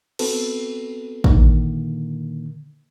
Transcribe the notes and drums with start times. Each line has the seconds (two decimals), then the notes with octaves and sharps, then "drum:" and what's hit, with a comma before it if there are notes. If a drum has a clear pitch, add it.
0.19 B3 C4 F#4 A4 B4, drum: cymbal
1.24 A#2 D3 D#3 A#3, drum: kick A1